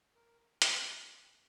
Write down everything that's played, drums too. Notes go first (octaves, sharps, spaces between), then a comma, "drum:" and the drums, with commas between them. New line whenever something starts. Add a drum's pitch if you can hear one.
A#4
drum: hi-hat